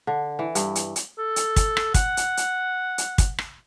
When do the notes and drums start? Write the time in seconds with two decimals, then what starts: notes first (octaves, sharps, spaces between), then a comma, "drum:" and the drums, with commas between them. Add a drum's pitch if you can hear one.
0.07 D3
0.39 E3
0.55 G2, drum: hi-hat
0.75 drum: hi-hat
0.96 drum: hi-hat
1.18 A4
1.36 drum: hi-hat
1.56 drum: kick, hi-hat
1.77 drum: rim click
1.94 F#5, drum: kick, hi-hat
2.17 drum: hi-hat
2.37 drum: hi-hat
2.98 drum: hi-hat
3.18 drum: kick, hi-hat
3.38 drum: rim click